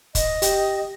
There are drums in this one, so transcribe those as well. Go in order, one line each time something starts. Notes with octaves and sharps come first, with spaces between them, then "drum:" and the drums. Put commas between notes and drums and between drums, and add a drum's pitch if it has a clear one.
D#5, drum: kick, hi-hat
G4 G5, drum: hi-hat